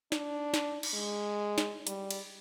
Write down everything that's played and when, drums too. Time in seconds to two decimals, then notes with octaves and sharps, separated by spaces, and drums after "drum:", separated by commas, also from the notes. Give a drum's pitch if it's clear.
0.12 D4, drum: snare
0.54 drum: snare
0.83 drum: cymbal
0.94 G#3
1.58 drum: snare
1.87 G3, drum: hi-hat
2.11 drum: cymbal